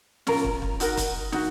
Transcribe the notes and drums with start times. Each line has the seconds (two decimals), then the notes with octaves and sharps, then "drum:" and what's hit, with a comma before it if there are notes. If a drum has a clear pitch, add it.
0.27 C#4 F4 A#4, drum: snare
0.44 drum: kick
0.62 drum: kick
0.80 D#4 F#4 A#4, drum: hi-hat
0.97 drum: kick, hi-hat
1.32 D#4 F#4, drum: snare